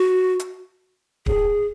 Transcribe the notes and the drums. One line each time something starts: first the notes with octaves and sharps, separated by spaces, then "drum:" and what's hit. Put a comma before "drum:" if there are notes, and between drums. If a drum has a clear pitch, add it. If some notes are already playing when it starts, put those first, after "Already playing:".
Already playing: F#4
drum: hi-hat
G#4, drum: kick D1